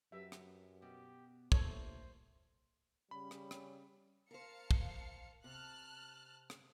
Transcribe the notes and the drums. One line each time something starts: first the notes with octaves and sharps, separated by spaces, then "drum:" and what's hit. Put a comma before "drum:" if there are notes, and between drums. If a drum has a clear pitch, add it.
F#2 F#3 G4 B4 E5
drum: rim click
B2 G4
G1 A2 A#3 A4 C5 C#5, drum: kick
C#3 G3 C#4 B5
drum: rim click
drum: rim click
A#4 C5 F5 A5 C#7
drum: kick
C3 A5 F6 F#6
drum: rim click